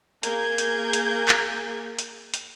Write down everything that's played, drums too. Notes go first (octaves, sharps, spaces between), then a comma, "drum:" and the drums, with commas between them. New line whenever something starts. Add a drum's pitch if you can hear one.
A#3 G#4 A#4 G6 G#6, drum: hi-hat
drum: hi-hat
drum: hi-hat
drum: clap
drum: hi-hat
drum: hi-hat